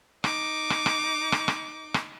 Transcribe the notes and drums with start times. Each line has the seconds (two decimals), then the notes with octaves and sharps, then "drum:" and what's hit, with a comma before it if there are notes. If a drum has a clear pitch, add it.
0.24 D#4 D6, drum: rim click
0.70 drum: rim click
0.86 drum: rim click
1.32 drum: rim click
1.48 drum: rim click
1.94 drum: rim click